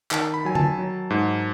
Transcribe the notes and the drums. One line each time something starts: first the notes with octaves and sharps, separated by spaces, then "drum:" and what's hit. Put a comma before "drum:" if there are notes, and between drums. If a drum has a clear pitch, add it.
D#3 A5, drum: clap
B5
F#3 G#5
A5, drum: tom D3
F#3
G#2